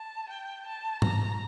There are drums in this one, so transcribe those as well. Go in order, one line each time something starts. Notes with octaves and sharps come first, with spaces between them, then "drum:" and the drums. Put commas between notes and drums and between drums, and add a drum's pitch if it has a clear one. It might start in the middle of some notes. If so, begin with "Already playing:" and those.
Already playing: A5
G5
A5
A#5, drum: tom G#2